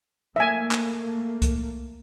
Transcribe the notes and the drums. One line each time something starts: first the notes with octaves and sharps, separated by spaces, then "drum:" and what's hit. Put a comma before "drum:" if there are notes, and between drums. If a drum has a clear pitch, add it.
A3 A#3 E5 G#5
drum: clap
drum: kick C2, hi-hat